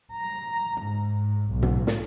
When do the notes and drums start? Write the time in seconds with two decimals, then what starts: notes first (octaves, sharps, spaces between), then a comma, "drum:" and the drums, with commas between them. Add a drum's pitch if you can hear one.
0.15 A#5
0.83 G#2
1.51 B1
1.62 drum: tom
1.87 drum: snare